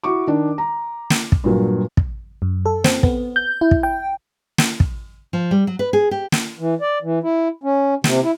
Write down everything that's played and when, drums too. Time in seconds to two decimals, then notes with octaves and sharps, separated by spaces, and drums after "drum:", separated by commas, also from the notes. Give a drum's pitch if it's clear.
0.03 E4 F#4 C#6 D6
0.27 D#3 D4
0.58 A#5
1.10 drum: snare
1.32 drum: kick
1.44 G2 A#2 F#3
1.97 drum: kick
2.42 F#2
2.66 A4
2.84 C4, drum: snare
3.03 B3, drum: kick
3.36 G6
3.61 E4
3.71 drum: kick
3.83 G5
4.58 drum: snare
4.80 drum: kick
5.33 F3
5.51 G3
5.67 F#3
5.79 B4
5.93 G#4
6.11 G4
6.32 drum: snare
6.59 E3
6.81 D5
7.02 E3
7.23 E4
7.63 C#4
8.04 C3, drum: snare
8.23 E4